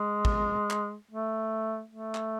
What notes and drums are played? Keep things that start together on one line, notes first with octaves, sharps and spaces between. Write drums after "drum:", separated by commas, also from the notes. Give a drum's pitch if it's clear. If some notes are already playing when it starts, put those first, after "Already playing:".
Already playing: G#3
drum: kick
drum: clap
A3
A3
drum: clap